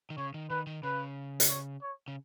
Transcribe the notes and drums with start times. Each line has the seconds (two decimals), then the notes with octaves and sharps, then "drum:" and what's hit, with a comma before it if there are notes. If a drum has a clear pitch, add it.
0.10 D#3
0.18 C#3 C#5
0.34 D#3
0.50 D#3 B4
0.67 D#3
0.83 C#3 B4
1.40 drum: hi-hat
1.49 C#5
1.82 C#5
2.08 C#3